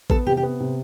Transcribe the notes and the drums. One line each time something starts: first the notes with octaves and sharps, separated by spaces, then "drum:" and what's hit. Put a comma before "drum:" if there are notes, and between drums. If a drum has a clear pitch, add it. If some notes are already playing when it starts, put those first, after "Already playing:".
B3 A4, drum: kick A1
C3 G4
G4
B3
C3